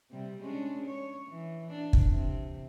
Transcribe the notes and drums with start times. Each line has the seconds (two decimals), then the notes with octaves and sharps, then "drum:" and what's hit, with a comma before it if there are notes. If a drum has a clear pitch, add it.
0.11 C3 G3
0.41 G#3 C#4 D4
0.86 C#5
1.29 E3
1.69 D4
1.93 drum: kick
2.07 C3